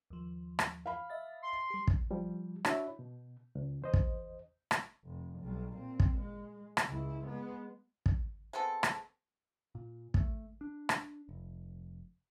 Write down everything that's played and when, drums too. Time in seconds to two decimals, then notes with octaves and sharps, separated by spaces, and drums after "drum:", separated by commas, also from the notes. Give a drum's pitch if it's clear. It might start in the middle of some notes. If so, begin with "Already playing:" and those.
0.10 D#2 F3
0.59 drum: rim click
0.86 F5 B5
1.10 D#5 E5 A6
1.42 C6
1.70 G3 G4
1.87 drum: kick
2.11 F3 G3
2.65 D4 E4 F#4 C#5 E5 B5, drum: rim click
2.99 B2
3.55 C#2
3.82 E2 C5 D#5
3.94 drum: kick
4.71 drum: rim click
5.05 F1
5.40 B1 G3
5.74 A#2 C4
6.00 drum: kick
6.19 G#3
6.77 drum: rim click
6.88 C#2 E4
7.27 G#3 B3
8.06 drum: kick
8.53 G#3 B3 C4 A4
8.83 drum: rim click
9.75 A#2
10.14 A3, drum: kick
10.61 D4
10.89 drum: rim click
11.29 F1